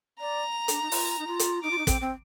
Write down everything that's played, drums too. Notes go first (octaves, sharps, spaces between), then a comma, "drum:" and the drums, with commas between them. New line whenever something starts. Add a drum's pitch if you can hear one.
D5 A#5
D4, drum: hi-hat
D#4
F4, drum: open hi-hat
D#4
F4
drum: hi-hat
D#4 D6
F4
D#4
C4, drum: kick, hi-hat
C4